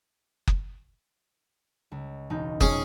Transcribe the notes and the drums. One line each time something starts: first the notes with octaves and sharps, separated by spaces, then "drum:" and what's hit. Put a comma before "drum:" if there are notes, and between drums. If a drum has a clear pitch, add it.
drum: kick F#1
C#2
E1 D#4 G6
F2 B2 C#4 G#4, drum: kick F#1